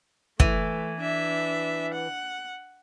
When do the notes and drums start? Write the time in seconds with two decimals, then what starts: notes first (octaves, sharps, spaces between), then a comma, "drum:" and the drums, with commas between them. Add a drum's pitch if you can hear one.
0.40 E3 A3, drum: kick
1.01 D4 E5
1.94 F#5